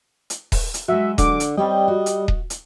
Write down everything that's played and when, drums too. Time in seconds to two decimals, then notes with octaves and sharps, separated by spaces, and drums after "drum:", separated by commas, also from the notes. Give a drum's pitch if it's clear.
0.30 drum: hi-hat
0.52 drum: kick D#1, open hi-hat
0.74 drum: hi-hat
0.88 F#3 G#3 F#4 E5
1.18 D3 D6, drum: kick D#1, hi-hat
1.40 drum: hi-hat
1.57 G3 C4 C#5 D#5 G5
1.88 F#4
2.06 drum: hi-hat
2.28 drum: kick D#1
2.50 drum: hi-hat